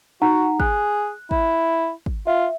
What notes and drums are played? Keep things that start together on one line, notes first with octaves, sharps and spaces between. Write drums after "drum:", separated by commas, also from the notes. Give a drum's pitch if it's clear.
D#4 F#4 F#5 A#5
G#4 F#6, drum: kick
E4, drum: kick
drum: kick
F4 E5